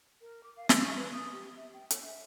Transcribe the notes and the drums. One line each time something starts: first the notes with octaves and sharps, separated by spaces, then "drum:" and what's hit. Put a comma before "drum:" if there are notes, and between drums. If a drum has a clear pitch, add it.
A#4
D6
F5
D#4, drum: snare
C#6
B4
D#6
G4
E5
G5
C#5, drum: hi-hat
E5